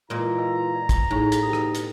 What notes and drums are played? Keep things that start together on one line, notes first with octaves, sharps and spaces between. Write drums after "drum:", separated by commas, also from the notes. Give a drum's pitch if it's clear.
A#2 E3 G#3 F4 A#4 A#5 C6
A#4 D#5 G#5
D5
drum: kick, hi-hat
A2 D#4 G#4 G#5 C#6
drum: hi-hat
B2 D3 G4 D#6
drum: rim click
drum: hi-hat